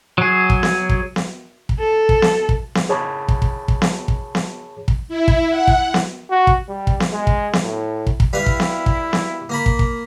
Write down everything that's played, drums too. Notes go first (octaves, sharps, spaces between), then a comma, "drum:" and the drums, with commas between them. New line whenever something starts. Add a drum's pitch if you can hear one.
F#3 G#4
drum: kick
drum: snare B3
drum: kick
drum: snare B3
drum: kick
A4
drum: kick
drum: snare B3
drum: kick
drum: snare B3
G#4 C#5 A5 B5 D6
drum: kick
drum: kick
drum: kick
drum: snare B3
drum: kick
drum: snare B3
drum: kick
E4
drum: kick
F#5
drum: kick
drum: snare B3
F#4
drum: kick
G3
drum: kick
drum: snare B3
G#3
drum: kick
drum: snare B3
A2
drum: kick
drum: kick
G3 E4 B4 F5
drum: kick
drum: snare B3
drum: kick
drum: snare B3
A#3 A#4 B5
drum: kick
drum: kick